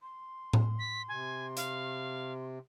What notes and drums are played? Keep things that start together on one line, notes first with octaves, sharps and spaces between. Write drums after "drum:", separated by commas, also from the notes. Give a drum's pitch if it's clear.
C6
drum: tom A2
B6
C3 G#5
F5, drum: hi-hat